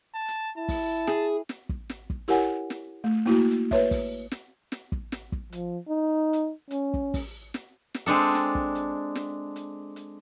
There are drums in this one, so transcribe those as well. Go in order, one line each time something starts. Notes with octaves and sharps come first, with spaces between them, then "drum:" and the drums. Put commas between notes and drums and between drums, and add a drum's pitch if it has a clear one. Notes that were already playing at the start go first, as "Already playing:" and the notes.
A5
drum: hi-hat
E4 A5
drum: kick, open hi-hat
G#4, drum: snare
drum: snare
drum: kick
drum: snare
drum: kick
E4 G4 A#4 C#5 F#5 G#5, drum: hi-hat
drum: snare
A3
A#3 E4 F#4
drum: hi-hat
B4 C#5 E5, drum: kick
drum: kick, open hi-hat
drum: snare
drum: snare
drum: kick
drum: snare
drum: kick
F3, drum: hi-hat
D#4
drum: hi-hat
C#4, drum: hi-hat
drum: kick
drum: kick, open hi-hat
drum: snare
drum: snare
G#3 C4 D4 A4
drum: snare
drum: kick
drum: hi-hat
drum: snare
drum: hi-hat
drum: hi-hat